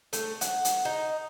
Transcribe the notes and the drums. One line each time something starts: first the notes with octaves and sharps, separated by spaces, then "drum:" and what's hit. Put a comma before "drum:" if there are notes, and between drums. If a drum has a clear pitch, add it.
A3, drum: hi-hat
F#5, drum: hi-hat
drum: hi-hat
D#4